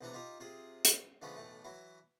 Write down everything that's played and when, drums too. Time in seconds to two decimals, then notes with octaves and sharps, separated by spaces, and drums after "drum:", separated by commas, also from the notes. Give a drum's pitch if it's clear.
0.01 B1 C3 E3 D4 A4 A#5
0.13 D#4 F4 G4 A#5
0.40 C3 F4 G#4 D#6
0.85 drum: hi-hat
1.22 D3 F3 G#3 A3 B3 C#4
1.36 B1 A2 E3 A3
1.64 E3 F#3 E4